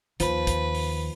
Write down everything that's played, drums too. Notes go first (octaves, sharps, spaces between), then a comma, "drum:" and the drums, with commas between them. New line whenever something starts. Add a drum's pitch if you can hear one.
D#2 F3 B4, drum: hi-hat
drum: kick, hi-hat
drum: open hi-hat